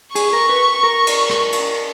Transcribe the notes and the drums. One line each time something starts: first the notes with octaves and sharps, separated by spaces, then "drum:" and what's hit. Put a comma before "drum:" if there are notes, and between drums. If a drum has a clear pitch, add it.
G#4 C#6, drum: cymbal
A#4
B4
A#4
drum: cymbal
drum: rim click
drum: cymbal